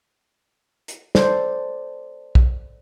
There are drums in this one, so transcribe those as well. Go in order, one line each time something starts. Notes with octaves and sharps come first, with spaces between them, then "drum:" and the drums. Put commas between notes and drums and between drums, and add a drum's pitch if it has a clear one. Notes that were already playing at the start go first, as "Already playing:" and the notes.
drum: hi-hat
A4 C5 D5, drum: snare
drum: kick